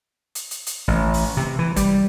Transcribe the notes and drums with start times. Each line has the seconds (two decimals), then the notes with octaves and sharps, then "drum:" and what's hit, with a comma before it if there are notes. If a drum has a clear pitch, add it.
0.35 drum: hi-hat
0.51 drum: hi-hat
0.67 drum: hi-hat
0.88 A1
1.14 drum: open hi-hat
1.37 C3
1.59 E3
1.76 G3, drum: kick, hi-hat